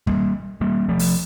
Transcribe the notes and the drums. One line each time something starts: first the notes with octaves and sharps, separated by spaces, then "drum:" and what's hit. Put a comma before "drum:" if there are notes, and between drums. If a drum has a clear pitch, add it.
G3 A#3, drum: kick
G3 A#3
F3 A3
drum: open hi-hat